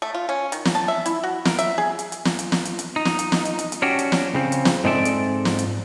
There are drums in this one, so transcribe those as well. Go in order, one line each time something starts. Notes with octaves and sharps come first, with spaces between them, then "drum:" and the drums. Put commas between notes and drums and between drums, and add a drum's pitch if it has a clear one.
A3
F4
C#4
D#3, drum: hi-hat
drum: snare
A5
E5
E4, drum: hi-hat
F#4
A#4, drum: snare
E5, drum: hi-hat
G#4
drum: hi-hat
drum: hi-hat
drum: snare
drum: hi-hat
drum: snare
drum: hi-hat
drum: hi-hat
D#4
drum: snare
drum: hi-hat
drum: snare
drum: hi-hat
drum: hi-hat
drum: hi-hat
C#4 D4 F#4 G4
drum: hi-hat
drum: snare
C#3 C4
drum: hi-hat
drum: snare
G#2 G#3 C4 A4 D5 E5
drum: hi-hat
drum: snare
drum: hi-hat